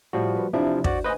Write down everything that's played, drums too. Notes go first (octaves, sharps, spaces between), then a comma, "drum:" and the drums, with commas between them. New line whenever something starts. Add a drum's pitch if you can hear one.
A2 F3 G3 F#4
B4
E2 C3 F3 D4 E4
F#4 C5 D5, drum: kick
D2 B4 C5 D#5 F#5 G#5